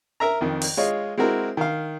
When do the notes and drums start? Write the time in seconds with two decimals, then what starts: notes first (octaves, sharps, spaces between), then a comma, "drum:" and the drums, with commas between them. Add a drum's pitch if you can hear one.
0.20 A#4 E5 A#5
0.41 F2 D#3
0.62 drum: open hi-hat
0.77 G#3 F4 C#5 D#5
1.17 G#3 C4 E4 F#4 A#4
1.57 D#3 F5